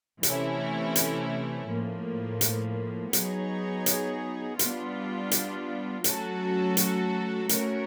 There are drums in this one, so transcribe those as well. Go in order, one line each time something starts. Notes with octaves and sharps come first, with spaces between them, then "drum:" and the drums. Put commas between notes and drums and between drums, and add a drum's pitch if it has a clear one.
C3 E3 A3 C#4 E4, drum: hi-hat
drum: hi-hat
A2 F3 A#3
drum: hi-hat
F#3 B3 D#4 G#4 C#5, drum: hi-hat
drum: hi-hat
G3 B3 D4 F4, drum: hi-hat
drum: hi-hat
F#3 A3 C#4 F#4 A4, drum: hi-hat
drum: hi-hat
A3 C#4 F#4 A#4 C#5, drum: hi-hat